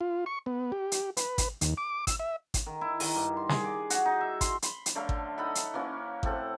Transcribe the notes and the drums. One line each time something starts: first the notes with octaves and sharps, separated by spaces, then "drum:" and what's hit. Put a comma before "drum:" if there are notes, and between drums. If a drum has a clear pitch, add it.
F4
C#6
B3
G4
drum: hi-hat
B4, drum: hi-hat
drum: kick G#1, hi-hat
D#2, drum: hi-hat
D6
E6, drum: kick G#1, hi-hat
E5
drum: kick G#1, hi-hat
D#3
E4
D#3, drum: open hi-hat
G2
C6
G#4, drum: snare
D6
F#4, drum: hi-hat
D#4
E5
C6, drum: kick G#1, hi-hat
B5 C6, drum: hi-hat
drum: hi-hat
D3 F#3 A3 F5
drum: kick G#1
D#4 A4 F#5 B5
drum: hi-hat
E3 A#3 C#4 F#4
A2 C4 A4 F#5, drum: kick G#1